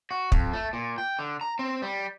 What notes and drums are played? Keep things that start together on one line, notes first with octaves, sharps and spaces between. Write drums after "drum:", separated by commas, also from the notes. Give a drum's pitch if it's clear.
F#4
F2, drum: kick
A3
A#2
G5
D3
A#5
C4
G3